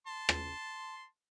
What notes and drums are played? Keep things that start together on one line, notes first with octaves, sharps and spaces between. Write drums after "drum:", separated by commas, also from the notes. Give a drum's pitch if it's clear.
A5 C6
drum: rim click